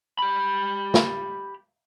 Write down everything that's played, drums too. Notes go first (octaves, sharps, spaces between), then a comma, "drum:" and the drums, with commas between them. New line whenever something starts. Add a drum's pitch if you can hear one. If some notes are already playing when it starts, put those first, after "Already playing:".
G4 B5
drum: snare